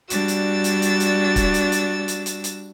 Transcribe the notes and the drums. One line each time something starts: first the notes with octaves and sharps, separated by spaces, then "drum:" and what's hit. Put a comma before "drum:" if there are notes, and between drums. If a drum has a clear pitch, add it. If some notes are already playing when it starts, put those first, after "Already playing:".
G3 D4 F#4 E6 A6, drum: hi-hat
drum: hi-hat
drum: hi-hat
drum: hi-hat
drum: hi-hat
drum: kick, hi-hat
drum: hi-hat
drum: hi-hat
drum: hi-hat
drum: hi-hat
drum: hi-hat